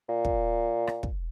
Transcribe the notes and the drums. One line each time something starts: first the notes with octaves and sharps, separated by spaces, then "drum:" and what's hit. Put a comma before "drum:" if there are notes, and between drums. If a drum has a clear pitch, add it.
A#2
drum: kick
drum: rim click
drum: kick